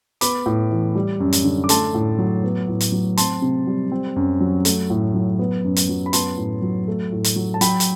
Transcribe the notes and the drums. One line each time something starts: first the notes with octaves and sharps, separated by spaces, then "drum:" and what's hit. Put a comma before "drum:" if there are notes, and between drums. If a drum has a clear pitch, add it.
B3 B5 D6, drum: hi-hat
A2
E3
G3
F#2
drum: hi-hat
D3
D6
A3 A5 C6, drum: hi-hat
A2
F#3
B3
A2
drum: hi-hat
F#3
C4 A5 C6, drum: hi-hat
C3
G3
C4
F#2
F#3
A3, drum: hi-hat
A2
F#3
B3
F#2
drum: hi-hat
F#3
B5
B3 A5 C6, drum: hi-hat
A2
F#3
A3
A2
drum: hi-hat
F#3
A5
F#3 G5 B5, drum: hi-hat
drum: hi-hat